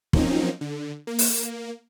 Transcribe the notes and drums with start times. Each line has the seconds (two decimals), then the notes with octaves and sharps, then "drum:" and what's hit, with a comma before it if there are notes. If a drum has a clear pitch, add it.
0.13 F3 F#3 A#3 C4 C#4 D#4, drum: kick
0.61 D3
1.07 A#3
1.19 drum: open hi-hat